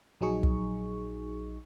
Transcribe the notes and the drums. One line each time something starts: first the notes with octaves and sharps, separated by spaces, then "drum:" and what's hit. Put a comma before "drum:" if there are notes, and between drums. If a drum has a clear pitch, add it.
A#1 F#3 D#4 G#4 C#6
drum: kick